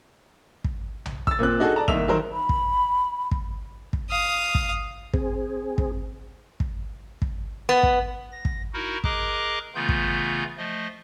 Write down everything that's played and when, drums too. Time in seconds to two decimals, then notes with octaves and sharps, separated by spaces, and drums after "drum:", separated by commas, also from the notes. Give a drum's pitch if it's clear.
0.64 drum: kick
1.06 drum: tom B1
1.27 E6 A6, drum: kick
1.39 A#2 A#3 C4 F#6
1.59 D4 D#4 F#4 G#4 A4
1.76 D5 A5 A#5
1.88 C2 D#3 A#3 E5 E6 F7, drum: kick
2.08 D#3 F#3 A#4 C5
2.33 B5
2.49 drum: kick
3.31 drum: kick
3.93 drum: kick
4.10 F5 D#6
4.55 drum: kick
5.14 C4 G#4, drum: kick
5.78 drum: kick
6.60 drum: kick
7.22 drum: kick
7.69 B3
7.83 drum: kick
8.32 A#6
8.45 drum: kick
8.74 D#4 E4 F#4 A#4
9.04 G#4 A#4 D#5 A#5 D6 F#6, drum: kick
9.75 C#3 E3 A3 B3 F4 G6
9.89 drum: kick
10.57 F3 A3 D#5